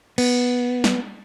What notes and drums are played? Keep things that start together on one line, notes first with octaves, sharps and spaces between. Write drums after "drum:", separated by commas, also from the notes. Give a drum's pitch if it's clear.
B3, drum: cymbal
drum: snare